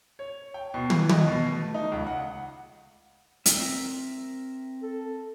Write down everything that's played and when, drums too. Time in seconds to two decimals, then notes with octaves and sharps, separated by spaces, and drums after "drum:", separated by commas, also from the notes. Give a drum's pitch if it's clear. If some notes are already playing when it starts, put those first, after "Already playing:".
0.19 C#5
0.54 G5
0.74 B2
0.90 E3, drum: tom
1.09 D#5, drum: tom
1.26 B2
1.51 A3
1.74 D#4
1.92 C#2
2.06 F#5
3.46 C4 A#4 E5, drum: hi-hat
4.83 A4